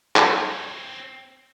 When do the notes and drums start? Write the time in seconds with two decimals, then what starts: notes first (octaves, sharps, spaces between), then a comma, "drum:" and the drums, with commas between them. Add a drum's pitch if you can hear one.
0.16 C4 C#5, drum: clap